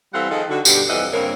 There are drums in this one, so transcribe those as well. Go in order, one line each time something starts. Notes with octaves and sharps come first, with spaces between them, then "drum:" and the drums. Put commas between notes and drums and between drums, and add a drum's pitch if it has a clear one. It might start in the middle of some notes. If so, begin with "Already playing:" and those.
E3 G3 C4 A4 F5 F#5
D#3 F3 D#4 G#4 A4
D3 F#4
G2 B2 D3 D4 G4, drum: tambourine
F2 E3 G3 A4 D#5 F#5
G2 C#3 A#3 C4 A#4 C#5